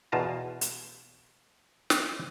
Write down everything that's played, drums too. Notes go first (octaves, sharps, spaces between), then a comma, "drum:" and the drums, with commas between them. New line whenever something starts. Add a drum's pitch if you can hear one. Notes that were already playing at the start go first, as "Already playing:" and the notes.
E2 B2 F4 A5 A#5
drum: hi-hat
drum: snare